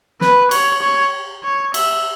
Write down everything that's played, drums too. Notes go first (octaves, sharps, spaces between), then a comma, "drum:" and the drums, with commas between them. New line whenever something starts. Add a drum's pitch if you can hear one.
B4, drum: snare
C#5, drum: cymbal
C#5
C#5
E5, drum: cymbal